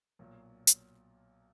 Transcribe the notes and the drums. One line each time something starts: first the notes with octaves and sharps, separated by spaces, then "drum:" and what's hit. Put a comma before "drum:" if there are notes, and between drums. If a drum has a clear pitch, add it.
B1 A#2 F#3
drum: hi-hat